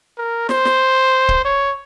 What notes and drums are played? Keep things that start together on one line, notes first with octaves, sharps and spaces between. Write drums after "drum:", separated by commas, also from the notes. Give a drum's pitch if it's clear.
A#4
C5, drum: snare
drum: snare
drum: kick C#1
C#5